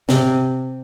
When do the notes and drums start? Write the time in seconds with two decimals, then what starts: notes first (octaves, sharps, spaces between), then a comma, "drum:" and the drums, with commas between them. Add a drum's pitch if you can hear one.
0.09 C3, drum: snare